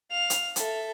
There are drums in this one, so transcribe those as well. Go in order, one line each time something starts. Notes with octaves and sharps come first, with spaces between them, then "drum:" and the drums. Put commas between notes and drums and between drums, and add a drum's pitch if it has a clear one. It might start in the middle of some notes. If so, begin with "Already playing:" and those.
F5 F7
drum: hi-hat
A4 E5, drum: hi-hat